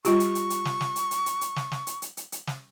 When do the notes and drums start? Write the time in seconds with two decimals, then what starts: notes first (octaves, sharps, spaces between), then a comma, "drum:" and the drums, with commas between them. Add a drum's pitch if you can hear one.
0.05 G3 F4 G4 C#6, drum: hi-hat
0.20 drum: hi-hat
0.35 drum: hi-hat
0.50 drum: hi-hat
0.65 drum: snare
0.81 drum: snare
0.96 drum: hi-hat
1.11 drum: hi-hat
1.26 drum: hi-hat
1.41 drum: hi-hat
1.56 drum: snare
1.72 drum: snare
1.87 drum: hi-hat
2.02 drum: hi-hat
2.17 drum: hi-hat
2.32 drum: hi-hat
2.47 drum: snare